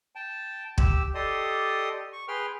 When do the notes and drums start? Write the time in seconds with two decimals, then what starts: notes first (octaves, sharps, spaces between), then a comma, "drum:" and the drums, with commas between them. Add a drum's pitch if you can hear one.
0.15 G5 A5
0.78 G4 E6, drum: kick
1.15 G4 A4 D5 D#5 C6 D#6
2.13 C#6
2.28 G#4 B4 G5 C6 F6